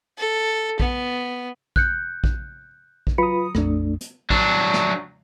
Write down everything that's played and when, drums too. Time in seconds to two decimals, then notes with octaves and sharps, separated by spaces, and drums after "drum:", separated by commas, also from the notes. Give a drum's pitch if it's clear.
0.18 A4
0.80 B3, drum: kick A#1
1.76 F#6 G6 C#7, drum: kick A#1
2.24 drum: kick A#1
3.07 drum: kick A#1
3.18 F#3 F4 B4 A#5 B5 D#6 C#7
3.55 A#1 F2 A3 D4, drum: rim click
4.01 drum: hi-hat
4.30 F#3 D4, drum: kick A#1
4.74 drum: snare